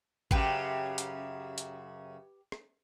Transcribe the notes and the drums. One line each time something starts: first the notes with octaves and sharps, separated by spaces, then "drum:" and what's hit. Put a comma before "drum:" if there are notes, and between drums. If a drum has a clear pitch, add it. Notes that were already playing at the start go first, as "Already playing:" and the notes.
F#2 C#3 G4 B4, drum: kick
drum: hi-hat
drum: hi-hat
drum: rim click